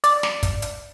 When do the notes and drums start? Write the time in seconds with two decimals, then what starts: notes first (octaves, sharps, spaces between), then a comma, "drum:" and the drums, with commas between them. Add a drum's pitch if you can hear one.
0.04 D5, drum: hi-hat
0.23 drum: snare
0.43 drum: kick, hi-hat
0.62 drum: hi-hat